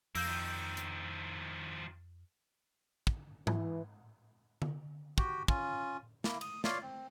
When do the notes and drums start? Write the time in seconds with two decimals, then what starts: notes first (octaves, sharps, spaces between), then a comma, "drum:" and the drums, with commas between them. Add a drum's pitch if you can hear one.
0.15 F2 A#3 E6 G6, drum: open hi-hat
0.27 D#3 F3
0.77 drum: hi-hat
3.07 drum: kick
3.47 E3, drum: tom G#2
4.62 drum: tom D3
5.18 F#4 G4 G5, drum: kick
5.48 C#4 F4, drum: kick
6.24 A#3 E4, drum: snare
6.41 D#6, drum: cymbal
6.64 F4 C#5 D5 F5, drum: snare
6.82 C4